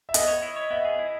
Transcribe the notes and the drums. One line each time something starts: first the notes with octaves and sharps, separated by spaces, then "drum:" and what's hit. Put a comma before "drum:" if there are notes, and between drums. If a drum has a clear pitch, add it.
E5
B3 D#5, drum: hi-hat
C#5
E4
C#5
B3 E5
G#4
E4